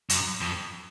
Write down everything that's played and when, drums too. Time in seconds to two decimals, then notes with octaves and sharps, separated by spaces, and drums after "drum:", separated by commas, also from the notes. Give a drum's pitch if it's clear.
0.10 F#2, drum: hi-hat
0.41 F2